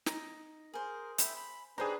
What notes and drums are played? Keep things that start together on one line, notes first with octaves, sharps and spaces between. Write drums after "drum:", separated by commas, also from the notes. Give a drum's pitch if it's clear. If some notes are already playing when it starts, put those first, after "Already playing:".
D#4, drum: snare
G#4 A#4 C5
E5 G5 B5, drum: hi-hat
B5
D4 D#4 G4 G#4 B4 C5 A#5